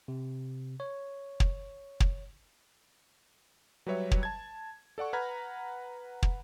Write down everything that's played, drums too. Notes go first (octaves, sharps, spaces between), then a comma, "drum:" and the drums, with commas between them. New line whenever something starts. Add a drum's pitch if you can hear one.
C3
C#5
drum: kick
drum: kick
F#3 G3 B4 C#5 E5
drum: kick
A5 G#6
A4 D5 F#5 C#6
B4 F#5 A#5 B5 F6 G#6
drum: kick